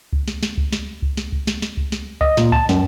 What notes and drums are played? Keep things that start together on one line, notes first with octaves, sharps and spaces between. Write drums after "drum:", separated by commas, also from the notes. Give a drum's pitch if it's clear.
drum: kick C#2
drum: snare
drum: snare
drum: kick C#2
drum: snare
drum: kick C#2
drum: snare
drum: kick C#2
drum: snare
drum: snare
drum: kick C#2
drum: snare
D#5, drum: kick C#2
A#2, drum: snare
A5, drum: kick C#2
F#2, drum: snare